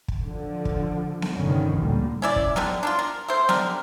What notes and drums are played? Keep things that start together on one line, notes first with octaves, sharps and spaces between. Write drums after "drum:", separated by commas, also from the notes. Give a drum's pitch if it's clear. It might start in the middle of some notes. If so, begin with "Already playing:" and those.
drum: kick
D3 F3
drum: kick
drum: snare B3
F1 G2 D3 D#3 C#4
D2 A#2 D3 G3 A#3
C#4 E4 D5
drum: kick
D3 G3 A#4, drum: snare B3
D4 D#4 F4
A#4
A3 C5
D3 G3 A#4, drum: snare B3